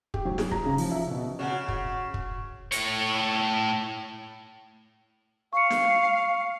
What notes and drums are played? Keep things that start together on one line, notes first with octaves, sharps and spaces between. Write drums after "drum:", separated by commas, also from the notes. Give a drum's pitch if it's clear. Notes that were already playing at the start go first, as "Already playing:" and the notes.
G4, drum: kick
F#3
G#4, drum: snare
A#5, drum: kick
C#3
F3, drum: open hi-hat
E5
B2
C#3 F#4
drum: kick
drum: kick
A2 C#5, drum: hi-hat
F5 C#6 C#7
drum: snare